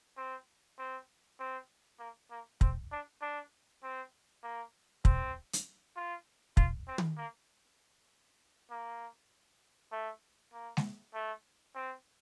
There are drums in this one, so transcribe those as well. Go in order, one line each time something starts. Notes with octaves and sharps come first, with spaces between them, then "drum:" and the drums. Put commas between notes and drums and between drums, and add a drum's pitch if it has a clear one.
C4
C4
C4
A#3
A#3
C4, drum: kick
D4
D4
C4
A#3
C4, drum: kick
drum: hi-hat
F4
F4, drum: kick
C4
drum: tom
A#3
A#3
A3
A#3
drum: snare G#3
A3
C4